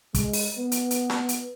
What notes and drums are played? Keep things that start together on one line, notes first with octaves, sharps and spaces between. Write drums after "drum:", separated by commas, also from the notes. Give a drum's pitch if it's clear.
G#3, drum: kick, hi-hat
drum: open hi-hat
B3
drum: hi-hat
drum: hi-hat
drum: snare
drum: hi-hat